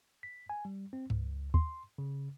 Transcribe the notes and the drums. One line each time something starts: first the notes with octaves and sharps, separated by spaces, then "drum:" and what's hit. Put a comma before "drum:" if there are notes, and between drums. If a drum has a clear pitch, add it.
B6
G#5
G3
C4
C#2, drum: tom G2
C6, drum: kick
C#3